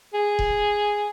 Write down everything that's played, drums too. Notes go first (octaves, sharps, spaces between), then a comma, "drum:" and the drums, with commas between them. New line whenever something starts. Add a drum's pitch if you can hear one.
G#4
drum: kick E1